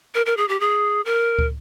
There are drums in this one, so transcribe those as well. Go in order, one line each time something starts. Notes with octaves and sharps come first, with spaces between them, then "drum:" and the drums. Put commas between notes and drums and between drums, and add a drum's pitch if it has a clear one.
A#4
A#4
G#4
G4
G#4
A#4
drum: kick